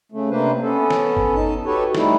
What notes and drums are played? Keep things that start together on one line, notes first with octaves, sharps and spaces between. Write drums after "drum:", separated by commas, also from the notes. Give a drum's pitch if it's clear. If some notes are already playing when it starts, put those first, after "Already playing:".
C#3 A3
C3 A#3 D4 B4 C5
B3 C#4 A4
drum: snare
drum: kick G1
D#4 A5
F#4 G4 A4 B4 C#5
G3 A3 D#4 E4, drum: snare